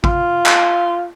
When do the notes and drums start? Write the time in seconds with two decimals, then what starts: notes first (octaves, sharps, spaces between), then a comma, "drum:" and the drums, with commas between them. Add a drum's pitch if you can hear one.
0.04 F4, drum: kick
0.46 drum: clap